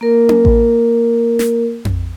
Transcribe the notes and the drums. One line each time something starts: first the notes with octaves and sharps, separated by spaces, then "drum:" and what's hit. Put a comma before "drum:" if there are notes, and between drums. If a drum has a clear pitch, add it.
A#3 A#4
drum: tom C#4
drum: kick A1
drum: snare
drum: tom F2